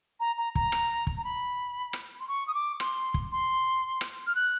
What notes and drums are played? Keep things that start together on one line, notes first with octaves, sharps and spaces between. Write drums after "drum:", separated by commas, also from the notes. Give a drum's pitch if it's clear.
A#5
A#5
A#5, drum: kick
drum: rim click
drum: kick
A#5
B5
drum: rim click
C6
C#6
D#6
D6
C6, drum: rim click
drum: kick
C6
drum: rim click
F6
F#6